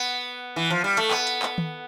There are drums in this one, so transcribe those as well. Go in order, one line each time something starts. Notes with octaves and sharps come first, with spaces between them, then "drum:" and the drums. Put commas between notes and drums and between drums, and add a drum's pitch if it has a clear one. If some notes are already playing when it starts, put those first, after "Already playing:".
Already playing: B3
E3
F3
G3
A3, drum: hi-hat
B3, drum: clap
drum: hi-hat
drum: clap
drum: tom D#3